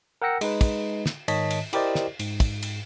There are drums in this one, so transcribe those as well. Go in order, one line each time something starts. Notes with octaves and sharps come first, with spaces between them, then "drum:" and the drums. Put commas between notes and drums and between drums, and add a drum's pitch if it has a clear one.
A#4 F#5 G5 E6 A#6 C#7
G#3 D#4 B4, drum: cymbal
drum: kick, cymbal
drum: snare
G#2 D#3 C#5 D#5 A5 B6, drum: cymbal
drum: cymbal
E4 G4 A#4 C5 D5 D#5, drum: cymbal
drum: snare
G#2, drum: cymbal
drum: kick, cymbal
drum: cymbal